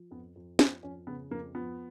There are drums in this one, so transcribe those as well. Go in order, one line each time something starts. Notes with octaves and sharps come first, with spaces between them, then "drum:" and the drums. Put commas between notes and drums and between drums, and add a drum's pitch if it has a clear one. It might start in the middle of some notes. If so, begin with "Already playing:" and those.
Already playing: F3
F2 B3
F2
F3 B3, drum: snare
F2 C#4
C#3 B3
F2 A#3
F3 B3